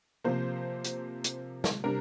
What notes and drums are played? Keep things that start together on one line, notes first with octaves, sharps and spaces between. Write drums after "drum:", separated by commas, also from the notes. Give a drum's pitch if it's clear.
C3 F3 A#3 C5
drum: hi-hat
drum: hi-hat
drum: snare
C3 G3 D4 A#4